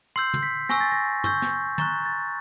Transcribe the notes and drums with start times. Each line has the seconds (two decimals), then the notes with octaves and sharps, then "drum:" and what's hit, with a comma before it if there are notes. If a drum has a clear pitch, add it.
0.16 C6 E6 G6 C7
0.34 drum: tom
0.43 B6
0.69 G#5 C#6 E6 A#6, drum: snare
0.80 A6
0.92 A#6
1.24 C#6 E6 G6, drum: tom
1.42 drum: snare
1.78 A#5 C#6 F#6 A6, drum: tom
2.05 A6